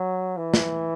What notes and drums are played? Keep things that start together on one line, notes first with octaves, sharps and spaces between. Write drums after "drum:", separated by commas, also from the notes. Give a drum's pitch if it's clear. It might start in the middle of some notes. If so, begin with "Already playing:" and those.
Already playing: F#3
E3
drum: snare